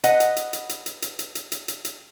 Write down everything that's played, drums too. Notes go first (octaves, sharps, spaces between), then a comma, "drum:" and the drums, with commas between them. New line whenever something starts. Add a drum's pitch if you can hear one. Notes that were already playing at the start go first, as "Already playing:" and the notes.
B4 D#5 F#5, drum: hi-hat
drum: hi-hat
drum: hi-hat
drum: hi-hat
drum: hi-hat
drum: hi-hat
drum: hi-hat
drum: hi-hat
drum: hi-hat
drum: hi-hat
drum: hi-hat
drum: hi-hat